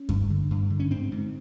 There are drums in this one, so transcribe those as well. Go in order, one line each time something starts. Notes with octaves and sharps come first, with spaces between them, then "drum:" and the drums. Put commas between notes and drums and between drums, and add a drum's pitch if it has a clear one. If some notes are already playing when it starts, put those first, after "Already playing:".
Already playing: C#4
G2, drum: kick F#2
D3
G2
D3
C#4
G#2 C4
G#2